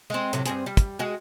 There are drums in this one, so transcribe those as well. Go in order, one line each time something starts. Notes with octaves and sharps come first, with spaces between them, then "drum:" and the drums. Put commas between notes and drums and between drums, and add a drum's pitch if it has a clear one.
G#3 C4
A2 C3 F#3, drum: hi-hat
G2 C4 G#4, drum: hi-hat
G3
drum: kick, hi-hat
G#3 F#4 G#4